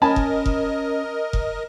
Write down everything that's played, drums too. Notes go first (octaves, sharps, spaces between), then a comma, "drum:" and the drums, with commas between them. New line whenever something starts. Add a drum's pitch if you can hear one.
C#4 A#4 D#5 G#5 A5 B5
drum: kick F1
drum: kick F1
drum: kick F1